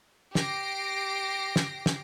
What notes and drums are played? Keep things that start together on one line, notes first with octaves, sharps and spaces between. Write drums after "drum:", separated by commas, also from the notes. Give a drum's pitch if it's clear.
G4 A#6 C7 D7, drum: snare
drum: snare
drum: snare